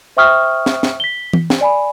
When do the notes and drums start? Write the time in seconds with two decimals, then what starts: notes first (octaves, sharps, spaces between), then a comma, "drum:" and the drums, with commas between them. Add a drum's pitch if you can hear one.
0.17 C5 E5 G5 C#6 D#6 F6
0.66 drum: snare
0.83 drum: snare
1.00 B6 G7
1.33 drum: tom E3
1.50 drum: snare
1.61 D5 G#5 B5